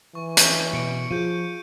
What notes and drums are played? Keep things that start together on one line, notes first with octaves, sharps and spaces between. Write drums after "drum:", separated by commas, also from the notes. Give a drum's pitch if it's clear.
E3 C#6
drum: hi-hat
B2 C#7 D7
F3 F4 G#4 G6 D#7